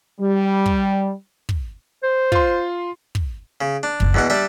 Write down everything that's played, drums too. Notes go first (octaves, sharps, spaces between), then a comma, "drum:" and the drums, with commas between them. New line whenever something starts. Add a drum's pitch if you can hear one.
G3
drum: kick
drum: kick
C5
F4 C6, drum: kick
drum: kick
C#3
D4
F#1 C#2, drum: kick
E2 B2 A#3 F#5
G3 D4 E5